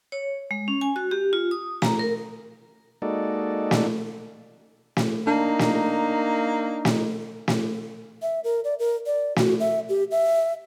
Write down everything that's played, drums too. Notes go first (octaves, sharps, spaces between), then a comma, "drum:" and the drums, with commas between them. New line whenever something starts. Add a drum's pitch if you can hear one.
C#5
G#3
C#4
G#5
F#4
G4
F4
D#6
A#5, drum: snare
A#4
G#3 A#3 D#4 F#4 A4 D5
drum: snare
drum: snare
A#3 D4 D#4
drum: snare
drum: snare
drum: snare
E5
A#4
D5
A#4
D5
F#4, drum: snare
E5
G4
E5